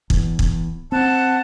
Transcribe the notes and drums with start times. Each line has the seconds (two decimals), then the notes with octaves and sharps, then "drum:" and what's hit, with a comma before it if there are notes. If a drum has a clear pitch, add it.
0.10 E2, drum: kick
0.39 drum: kick
0.92 C4 F#5 A5 F#6